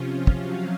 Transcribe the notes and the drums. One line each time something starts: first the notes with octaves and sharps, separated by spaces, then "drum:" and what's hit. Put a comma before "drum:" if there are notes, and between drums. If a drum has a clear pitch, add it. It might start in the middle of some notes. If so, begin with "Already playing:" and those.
Already playing: C3 F3 C#4 F4
drum: kick
F#3